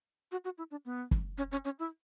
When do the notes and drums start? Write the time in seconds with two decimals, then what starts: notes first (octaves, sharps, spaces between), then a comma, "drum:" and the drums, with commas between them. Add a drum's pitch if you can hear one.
0.32 F#4
0.45 F#4
0.58 E4
0.71 D4
0.85 B3
1.11 drum: kick
1.38 C#4
1.52 C#4
1.65 C#4
1.79 E4